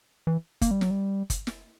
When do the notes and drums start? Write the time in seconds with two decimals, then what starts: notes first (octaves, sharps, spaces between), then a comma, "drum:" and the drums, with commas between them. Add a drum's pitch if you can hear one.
0.27 E3
0.62 A#3, drum: kick, hi-hat
0.71 G3
0.81 F#3, drum: snare
0.91 G3
1.30 drum: kick, hi-hat
1.47 drum: snare